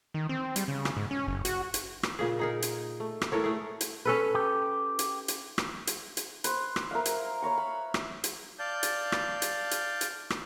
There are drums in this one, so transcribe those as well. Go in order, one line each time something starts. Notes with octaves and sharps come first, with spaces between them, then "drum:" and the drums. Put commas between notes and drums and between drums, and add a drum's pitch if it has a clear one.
D#3
C4
G3, drum: hi-hat
C#3
drum: rim click
G#2
C#4
F#1
F#4, drum: hi-hat
drum: hi-hat
drum: rim click
A#2 C#3 G#4
D#4 G#4 A#4
drum: hi-hat
A3
drum: rim click
A2 A4 A#4 C#5
A3 G#4
drum: hi-hat
C#4 A4 B4
G4
drum: hi-hat
drum: hi-hat
drum: rim click
drum: hi-hat
drum: hi-hat
B4 C5, drum: hi-hat
drum: rim click
A#4 E5 F5
drum: hi-hat
B4 C#5 A#5 C#6
B5
drum: rim click
drum: hi-hat
D5 F5 A5 G6
drum: hi-hat
drum: rim click
drum: hi-hat
drum: hi-hat
drum: hi-hat
drum: rim click